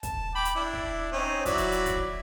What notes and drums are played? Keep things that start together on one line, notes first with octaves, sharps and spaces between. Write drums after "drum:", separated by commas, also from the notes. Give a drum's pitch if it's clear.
A5, drum: kick, hi-hat
G5 B5 D6
drum: hi-hat
D4 E4
drum: kick
C4 C#4 D#4
F#3 E4 D5, drum: kick, hi-hat
drum: hi-hat
drum: hi-hat
drum: kick, hi-hat